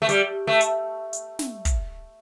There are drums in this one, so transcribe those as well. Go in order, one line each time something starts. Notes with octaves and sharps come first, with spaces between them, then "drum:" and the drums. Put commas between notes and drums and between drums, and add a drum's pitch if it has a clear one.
A3
G3, drum: hi-hat
A3
drum: hi-hat
drum: hi-hat
drum: snare
drum: kick, hi-hat